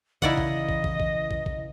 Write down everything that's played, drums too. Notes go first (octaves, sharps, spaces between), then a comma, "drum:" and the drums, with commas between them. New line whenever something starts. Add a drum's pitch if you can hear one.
C#3 E3 E4 D5 D#5 F5 F#5 A#5, drum: kick
drum: kick
drum: kick
drum: kick
drum: kick
drum: kick
drum: kick